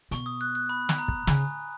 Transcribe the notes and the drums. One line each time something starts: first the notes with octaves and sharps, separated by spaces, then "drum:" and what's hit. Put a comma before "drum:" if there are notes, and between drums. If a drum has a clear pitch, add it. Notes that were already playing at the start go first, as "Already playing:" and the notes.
B2 C#6, drum: hi-hat
D#6
F#6
F#6
B5
drum: snare
A#5
drum: kick
C#3 G#5, drum: snare